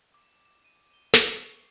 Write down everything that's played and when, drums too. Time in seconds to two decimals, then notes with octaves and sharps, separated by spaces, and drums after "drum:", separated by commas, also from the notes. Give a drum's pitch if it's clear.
0.14 D6
0.45 E7
0.64 D#7
0.94 G7
1.14 C#6, drum: snare
1.36 C7